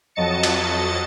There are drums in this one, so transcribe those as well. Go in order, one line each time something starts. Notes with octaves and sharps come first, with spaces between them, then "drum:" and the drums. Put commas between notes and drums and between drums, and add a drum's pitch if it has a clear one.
F2 F#3 D#5 A5 A6 C#7
drum: cymbal